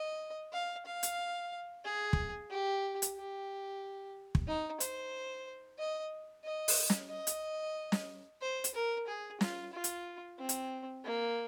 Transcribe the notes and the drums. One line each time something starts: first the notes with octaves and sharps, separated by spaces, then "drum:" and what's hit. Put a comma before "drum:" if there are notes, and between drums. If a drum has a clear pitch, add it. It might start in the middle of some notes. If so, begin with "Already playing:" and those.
Already playing: D#5
F5
F5
drum: hi-hat
G#4
drum: kick
G4
drum: hi-hat
G4
drum: kick
D#4
C5, drum: hi-hat
D#5
D#5
drum: open hi-hat
drum: snare
D#5
drum: hi-hat
drum: snare
C5
drum: hi-hat
A#4
G#4
F4, drum: snare
F4
drum: hi-hat
C4
drum: hi-hat
A#3